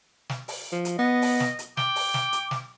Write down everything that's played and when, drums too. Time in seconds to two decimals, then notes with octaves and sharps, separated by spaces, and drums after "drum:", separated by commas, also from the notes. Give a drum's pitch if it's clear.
0.29 drum: snare
0.48 drum: open hi-hat
0.72 F3
0.85 drum: hi-hat
0.99 B3 D#5
1.22 drum: open hi-hat
1.40 drum: snare
1.59 drum: hi-hat
1.77 G5 D6, drum: snare
1.96 drum: open hi-hat
2.14 drum: snare
2.33 drum: hi-hat
2.51 drum: snare